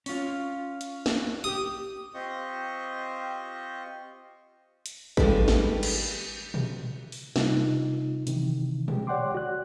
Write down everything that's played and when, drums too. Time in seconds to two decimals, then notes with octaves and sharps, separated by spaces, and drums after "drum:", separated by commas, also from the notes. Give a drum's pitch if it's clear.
0.06 C#4 F4, drum: open hi-hat
0.81 drum: hi-hat
1.06 drum: snare
1.44 G4 D#6
2.14 C4 F4 G4 D#5 C#6
4.86 drum: hi-hat
5.17 D#3 F3 G3 G#3 A4 B4, drum: kick G#1
5.48 drum: snare
5.83 drum: cymbal
6.54 drum: tom A#2
7.12 drum: open hi-hat
7.36 C3 G3 D#4 F4, drum: snare
8.27 C3 D#3 E3, drum: hi-hat
8.88 G#3 G4, drum: tom A#2
9.07 C#5 D5 F#5 G5 C6 D6
9.35 F#4 D5 F#6